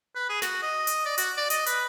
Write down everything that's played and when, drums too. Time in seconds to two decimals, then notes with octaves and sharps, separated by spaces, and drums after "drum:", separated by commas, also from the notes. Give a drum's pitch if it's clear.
0.15 B4
0.29 G#4
0.42 F#4, drum: snare
0.63 D#5
0.87 drum: hi-hat
1.05 D5
1.18 F#4, drum: hi-hat
1.37 D5
1.50 D#5, drum: hi-hat
1.66 B4, drum: hi-hat